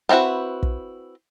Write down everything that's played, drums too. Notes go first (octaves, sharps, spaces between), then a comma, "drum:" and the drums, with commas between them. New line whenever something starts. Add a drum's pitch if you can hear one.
B3 C4 E4 F#4 B4
drum: kick